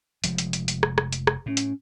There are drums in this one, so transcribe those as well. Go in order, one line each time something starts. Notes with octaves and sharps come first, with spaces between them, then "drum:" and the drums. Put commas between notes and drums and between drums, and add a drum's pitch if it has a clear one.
F1 F3 G#3, drum: hi-hat
drum: hi-hat
drum: hi-hat
drum: hi-hat
drum: rim click
drum: rim click
drum: hi-hat
drum: rim click
A2 C#4
drum: hi-hat